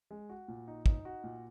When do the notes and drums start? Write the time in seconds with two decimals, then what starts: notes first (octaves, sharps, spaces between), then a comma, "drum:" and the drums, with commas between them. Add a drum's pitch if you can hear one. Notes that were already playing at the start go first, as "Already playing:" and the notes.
0.11 G#3
0.30 F#4
0.48 A#2
0.68 D#4
0.86 D#4, drum: kick
1.05 F#4
1.24 A#2